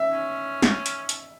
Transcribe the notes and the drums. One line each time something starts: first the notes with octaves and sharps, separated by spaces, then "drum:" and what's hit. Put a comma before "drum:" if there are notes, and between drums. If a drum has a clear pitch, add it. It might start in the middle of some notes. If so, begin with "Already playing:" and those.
Already playing: E5
C#4
drum: snare
drum: hi-hat
drum: hi-hat